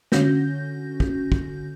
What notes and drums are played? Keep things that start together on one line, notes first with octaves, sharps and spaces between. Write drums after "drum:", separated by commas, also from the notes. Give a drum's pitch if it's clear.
D3 C#4 F#4 G6 A#6, drum: snare
drum: kick
drum: kick